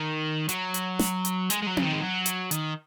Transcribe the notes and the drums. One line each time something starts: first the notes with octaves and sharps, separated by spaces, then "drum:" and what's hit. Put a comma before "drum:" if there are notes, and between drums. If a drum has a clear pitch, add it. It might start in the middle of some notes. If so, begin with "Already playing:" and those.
Already playing: D#3
F#3, drum: hi-hat
drum: hi-hat
drum: snare
drum: hi-hat
G#3, drum: hi-hat
G#3
F#3
C#3, drum: tom C4
D#3
G#3
F#3
drum: hi-hat
D#3, drum: hi-hat